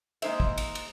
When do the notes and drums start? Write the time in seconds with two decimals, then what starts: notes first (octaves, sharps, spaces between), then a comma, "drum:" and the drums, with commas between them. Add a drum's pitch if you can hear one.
0.22 G#3 A#3 D#4 C5 E5, drum: cymbal
0.40 drum: kick
0.58 drum: cymbal
0.75 drum: cymbal